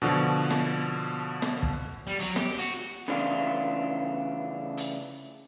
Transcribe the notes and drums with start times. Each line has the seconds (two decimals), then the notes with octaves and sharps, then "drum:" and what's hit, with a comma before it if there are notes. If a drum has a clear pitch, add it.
0.02 B2 D3 F3 F#4
0.50 drum: snare
1.42 drum: snare
1.63 drum: kick
2.07 G3
2.19 F#3, drum: hi-hat
2.36 G4, drum: snare
2.58 F#4, drum: hi-hat
3.08 C#3 E3 A3 D4 F4
4.77 drum: hi-hat